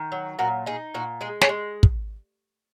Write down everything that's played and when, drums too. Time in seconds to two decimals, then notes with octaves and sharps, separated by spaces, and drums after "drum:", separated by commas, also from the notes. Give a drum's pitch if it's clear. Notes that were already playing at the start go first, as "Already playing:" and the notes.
Already playing: D#3
0.12 F#3
0.39 A#2 F#4 A#4
0.66 D#4 G#4
0.94 A#2 F#4
1.21 G#3 G#4
1.41 G#4 C#5, drum: snare
1.49 G#3
1.83 drum: kick